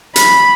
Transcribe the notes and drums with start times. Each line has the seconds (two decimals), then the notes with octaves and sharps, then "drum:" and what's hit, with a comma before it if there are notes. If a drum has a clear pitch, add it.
0.16 B5, drum: hi-hat